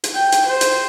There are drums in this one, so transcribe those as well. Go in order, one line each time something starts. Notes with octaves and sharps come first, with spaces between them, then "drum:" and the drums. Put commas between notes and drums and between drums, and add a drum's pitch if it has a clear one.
drum: hi-hat
G5
drum: hi-hat
C5
drum: hi-hat